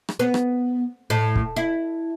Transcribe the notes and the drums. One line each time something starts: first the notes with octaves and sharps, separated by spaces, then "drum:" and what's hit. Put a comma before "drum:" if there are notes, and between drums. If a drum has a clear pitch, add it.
drum: rim click
B3
drum: rim click
A2
drum: kick
E4